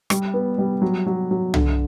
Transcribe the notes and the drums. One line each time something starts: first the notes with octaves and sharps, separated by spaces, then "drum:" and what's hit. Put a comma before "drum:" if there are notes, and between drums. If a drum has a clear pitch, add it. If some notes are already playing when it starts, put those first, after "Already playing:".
G3, drum: rim click
B3
G3
F#3
F#3
F#3
D3, drum: tom